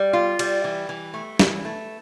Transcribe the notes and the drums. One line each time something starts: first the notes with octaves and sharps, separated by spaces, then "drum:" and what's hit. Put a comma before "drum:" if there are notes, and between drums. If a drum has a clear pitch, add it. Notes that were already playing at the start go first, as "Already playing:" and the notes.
Already playing: G3
F4
G3, drum: cymbal
E3
E3
A3
E3, drum: snare
A3